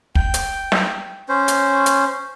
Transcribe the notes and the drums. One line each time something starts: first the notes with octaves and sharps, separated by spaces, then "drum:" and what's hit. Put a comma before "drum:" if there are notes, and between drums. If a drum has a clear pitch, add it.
G5, drum: kick
drum: hi-hat
drum: snare
C#4 C5
drum: hi-hat
drum: hi-hat